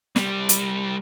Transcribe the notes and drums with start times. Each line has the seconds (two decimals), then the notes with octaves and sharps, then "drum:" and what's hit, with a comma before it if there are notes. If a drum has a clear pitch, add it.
0.16 C2 G3, drum: snare
0.49 drum: hi-hat